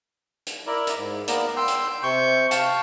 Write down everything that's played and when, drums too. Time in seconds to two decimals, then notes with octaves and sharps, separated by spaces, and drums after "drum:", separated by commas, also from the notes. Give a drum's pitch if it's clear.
0.47 drum: hi-hat
0.67 E4 A#4 D5
0.87 drum: hi-hat
0.97 G#2
1.28 A#3 B3 A#4 D5, drum: hi-hat
1.57 G5 C6 E6 G6
1.68 drum: hi-hat
2.03 C3 C#6 G6
2.51 F5 G5 A5 C#6, drum: hi-hat